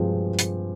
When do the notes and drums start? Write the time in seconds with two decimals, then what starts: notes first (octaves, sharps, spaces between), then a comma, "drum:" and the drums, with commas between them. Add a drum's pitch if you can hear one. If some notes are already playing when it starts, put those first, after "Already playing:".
Already playing: G2 F3 G#3 C4 C5
0.39 drum: hi-hat